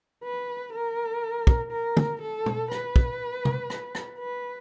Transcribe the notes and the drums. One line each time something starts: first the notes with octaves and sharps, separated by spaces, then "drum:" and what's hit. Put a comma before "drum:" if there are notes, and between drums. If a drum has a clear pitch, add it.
B4
A#4
drum: kick
A#4
drum: tom
A4
drum: tom
B4, drum: rim click
drum: kick
drum: tom C3
drum: rim click
drum: rim click
B4